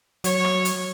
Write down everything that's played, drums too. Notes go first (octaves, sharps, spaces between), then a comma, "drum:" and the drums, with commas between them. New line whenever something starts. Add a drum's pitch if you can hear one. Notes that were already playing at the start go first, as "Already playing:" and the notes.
F#3 C#5, drum: hi-hat
drum: rim click
drum: hi-hat